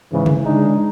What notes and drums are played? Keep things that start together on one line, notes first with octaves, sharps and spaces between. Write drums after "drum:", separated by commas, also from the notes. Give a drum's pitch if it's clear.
G#2 C#3 E3
drum: tom C#3
G#3 D4 D#4